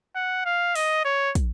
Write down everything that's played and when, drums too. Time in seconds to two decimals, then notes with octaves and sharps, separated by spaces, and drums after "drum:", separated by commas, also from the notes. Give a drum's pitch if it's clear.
0.16 F#5
0.45 F5
0.76 D#5, drum: open hi-hat
1.05 C#5
1.35 drum: kick, hi-hat